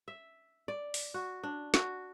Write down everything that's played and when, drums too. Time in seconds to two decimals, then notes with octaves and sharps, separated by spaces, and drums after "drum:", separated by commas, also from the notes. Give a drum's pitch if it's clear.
0.08 E5
0.68 D5
0.94 drum: open hi-hat
1.14 F#4
1.43 D4
1.74 F#4, drum: snare